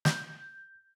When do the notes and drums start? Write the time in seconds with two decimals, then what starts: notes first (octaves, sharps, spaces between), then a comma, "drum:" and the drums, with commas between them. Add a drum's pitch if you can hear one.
0.05 G6, drum: snare